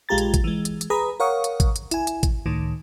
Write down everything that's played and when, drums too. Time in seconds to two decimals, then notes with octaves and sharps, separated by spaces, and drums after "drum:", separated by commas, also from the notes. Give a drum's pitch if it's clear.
0.09 A#1 G#3 F4 G4 A#5 A6
0.18 drum: hi-hat
0.34 drum: kick, hi-hat
0.44 E3 G#3
0.65 drum: hi-hat
0.81 drum: hi-hat
0.90 G#4 B4 A#5 B5 D#6
1.20 A#4 C#5 F5 F#5 C#6 D#6
1.44 drum: hi-hat
1.60 drum: kick, hi-hat
1.76 drum: hi-hat
1.91 E4 G#5, drum: hi-hat
2.07 drum: hi-hat
2.23 drum: kick, hi-hat
2.46 C#2 A2 D#3